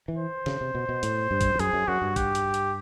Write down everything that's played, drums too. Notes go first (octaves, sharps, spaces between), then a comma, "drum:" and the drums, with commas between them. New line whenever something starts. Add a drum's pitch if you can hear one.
E3
C5
C#3, drum: snare
C3
B2
B2
A2, drum: hi-hat
G2
drum: kick A1, hi-hat
F2
F#2 G#4, drum: hi-hat
F#2
F#2 F#4
G2
G4, drum: kick A1, hi-hat
drum: hi-hat
drum: hi-hat